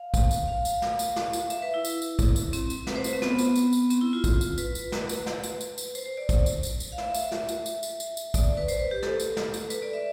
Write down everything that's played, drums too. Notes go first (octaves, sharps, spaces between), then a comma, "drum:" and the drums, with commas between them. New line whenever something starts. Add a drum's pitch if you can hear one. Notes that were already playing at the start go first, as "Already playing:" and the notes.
Already playing: F5
drum: kick, tambourine
drum: tambourine
F5
drum: tambourine
drum: snare
drum: tambourine
drum: snare
drum: tambourine
E5, drum: tambourine
B4
E4
drum: tambourine
drum: tambourine
drum: kick, tambourine
drum: tambourine
C4, drum: tambourine
drum: tambourine
B4, drum: snare
C5
B4, drum: tambourine
C4
B3, drum: snare
drum: tambourine
drum: tambourine
drum: tambourine
C4, drum: tambourine
E4
F4
drum: kick, tambourine
drum: tambourine
B4, drum: tambourine
drum: tambourine
drum: snare
drum: tambourine
drum: snare
drum: tambourine
drum: tambourine
drum: tambourine
C5, drum: tambourine
C5
D5
drum: kick, tambourine
drum: tambourine
drum: tambourine
drum: tambourine
F5
E5, drum: snare
drum: tambourine
drum: snare
drum: tambourine
drum: tambourine
drum: tambourine
drum: tambourine
drum: tambourine
D5, drum: kick, tambourine
B4
C5, drum: tambourine
B4
G4
A4, drum: snare
drum: tambourine
drum: snare
drum: tambourine
B4, drum: tambourine
D5
E5